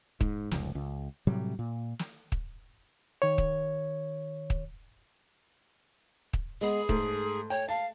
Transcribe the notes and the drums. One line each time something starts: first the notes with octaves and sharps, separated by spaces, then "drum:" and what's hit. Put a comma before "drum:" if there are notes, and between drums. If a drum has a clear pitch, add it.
G#2, drum: kick
F1 C#2, drum: snare
C#2
A2 C3 F#3 G3
A#2
drum: snare
drum: kick
D#3 C#5
drum: kick
drum: kick
drum: kick
G#3 B3 G#4
G#2 A3, drum: kick
C#5 G5
F5 A5